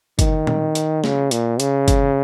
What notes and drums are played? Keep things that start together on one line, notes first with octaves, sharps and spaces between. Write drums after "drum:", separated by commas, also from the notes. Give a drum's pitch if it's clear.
D#3, drum: kick, hi-hat
drum: tom
drum: hi-hat
C#3, drum: snare
A#2, drum: hi-hat
C#3, drum: hi-hat
drum: kick, hi-hat